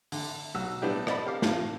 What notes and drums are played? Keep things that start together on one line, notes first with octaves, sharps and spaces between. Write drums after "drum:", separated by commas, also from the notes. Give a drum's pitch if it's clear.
D3, drum: open hi-hat
B1 F#4 E6
A2 G3 B3 D4 E4 G4
C4 D5 D#5 A5 B5, drum: rim click
G4 A#4 F5 D6
A2 E3 F4, drum: snare